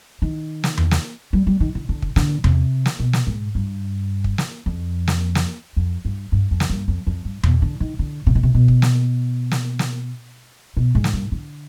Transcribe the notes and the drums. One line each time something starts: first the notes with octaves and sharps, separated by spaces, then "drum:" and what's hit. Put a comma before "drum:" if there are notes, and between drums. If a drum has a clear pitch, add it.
D#3
drum: snare
drum: tom E2
drum: snare
G3
G3
D#3
D3
D3
drum: kick
D3, drum: snare
C3, drum: tom E2
drum: snare
B2
drum: snare
G#2
G2
drum: kick
drum: snare
F2
drum: snare
drum: snare
F2
G2
G2
F2
drum: snare
G2
F2
F2
G2
B2, drum: tom E2
D3
D#3
D3
C3
B2
C3
B2
drum: kick
drum: snare
drum: snare
drum: snare
B2
G#2
drum: snare
G2
D3